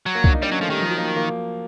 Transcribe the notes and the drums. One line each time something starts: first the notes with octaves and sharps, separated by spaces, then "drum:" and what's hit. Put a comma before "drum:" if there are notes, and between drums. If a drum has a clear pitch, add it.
F#3
A#3
D4, drum: kick C2
D#4
G3 D4
F#3 C#4
F3 A3
D#3 G3
F3
F#3
A#3
A#3